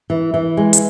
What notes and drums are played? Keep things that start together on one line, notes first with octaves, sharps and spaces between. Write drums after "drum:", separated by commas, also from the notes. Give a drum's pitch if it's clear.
E3
E3
G#3
drum: hi-hat